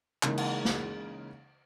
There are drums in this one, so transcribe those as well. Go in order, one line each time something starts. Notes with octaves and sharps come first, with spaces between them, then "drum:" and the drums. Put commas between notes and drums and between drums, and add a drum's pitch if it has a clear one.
C#3 E3 G#3 A#3 D#4, drum: clap
drum: cymbal
drum: snare